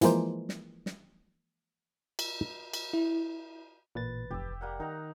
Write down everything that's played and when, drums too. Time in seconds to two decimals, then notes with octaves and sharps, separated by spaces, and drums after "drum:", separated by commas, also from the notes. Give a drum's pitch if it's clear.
0.01 E3 F3 G#3 A#3 C5, drum: hi-hat
0.49 drum: snare
0.86 drum: snare
2.19 drum: cymbal
2.74 drum: cymbal
2.93 E4
3.95 A1 A#2 B4 A6
4.31 F1 G4 E6
4.61 G3 A#3 F#5
4.80 D#3 D#4 A#4 F#5 A#5